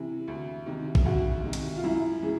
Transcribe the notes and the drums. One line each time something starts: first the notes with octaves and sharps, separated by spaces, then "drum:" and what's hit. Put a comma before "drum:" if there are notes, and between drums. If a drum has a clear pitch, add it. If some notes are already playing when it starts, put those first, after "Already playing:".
Already playing: C3 E3
D2
C3 D#3
drum: kick A#1
D2 F#4
C3 D#3
drum: hi-hat
F4
F#2 E4
C#3 E3